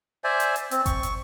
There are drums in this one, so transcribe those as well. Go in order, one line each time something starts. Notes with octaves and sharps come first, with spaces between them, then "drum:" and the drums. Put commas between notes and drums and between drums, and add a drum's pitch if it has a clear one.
C5 D5 E5 G#5
drum: hi-hat
drum: hi-hat
C4, drum: hi-hat
C#6, drum: kick G1, hi-hat
drum: hi-hat